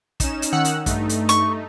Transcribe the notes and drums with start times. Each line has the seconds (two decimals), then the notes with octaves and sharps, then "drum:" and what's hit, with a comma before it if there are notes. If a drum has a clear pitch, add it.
0.20 C#4 D#4 E7, drum: kick, hi-hat
0.42 drum: hi-hat
0.52 D#3 F#5 E6
0.65 drum: hi-hat
0.86 G2 A3 D#4, drum: kick, hi-hat
1.09 drum: hi-hat
1.29 C#6, drum: hi-hat